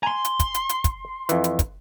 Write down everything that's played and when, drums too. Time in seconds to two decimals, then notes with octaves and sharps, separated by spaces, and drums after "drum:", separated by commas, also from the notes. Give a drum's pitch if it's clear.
0.03 G#5 A#5 C6
0.25 drum: hi-hat
0.40 drum: kick, hi-hat
0.54 drum: hi-hat
0.69 drum: hi-hat
0.84 drum: kick, hi-hat
1.29 F2 E3, drum: hi-hat
1.44 drum: hi-hat
1.59 drum: kick, hi-hat